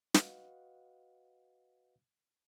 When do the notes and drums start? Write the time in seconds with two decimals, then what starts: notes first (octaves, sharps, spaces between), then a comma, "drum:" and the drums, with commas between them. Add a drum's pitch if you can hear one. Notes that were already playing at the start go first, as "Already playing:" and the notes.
0.14 F#4 B4 D#5 F5 F#5, drum: snare